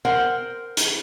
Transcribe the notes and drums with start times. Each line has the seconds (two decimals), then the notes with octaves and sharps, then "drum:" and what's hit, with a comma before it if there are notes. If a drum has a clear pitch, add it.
0.05 A#4 C5 F#5 G5
0.77 drum: hi-hat